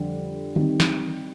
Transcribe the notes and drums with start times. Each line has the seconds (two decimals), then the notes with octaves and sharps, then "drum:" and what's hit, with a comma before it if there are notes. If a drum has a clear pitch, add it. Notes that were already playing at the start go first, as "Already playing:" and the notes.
Already playing: F2 D3 G3
0.56 D#3 G3 C4, drum: tom D3
0.80 drum: snare